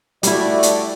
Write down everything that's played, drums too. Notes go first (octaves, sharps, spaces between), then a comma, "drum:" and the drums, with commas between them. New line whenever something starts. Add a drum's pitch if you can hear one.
G3 A3 E4 F#4 D5, drum: hi-hat
drum: hi-hat